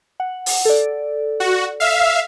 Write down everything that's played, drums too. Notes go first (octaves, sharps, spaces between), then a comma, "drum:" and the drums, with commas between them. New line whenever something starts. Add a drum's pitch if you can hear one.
F#5
drum: open hi-hat
A4 D5
F#4
E5 F5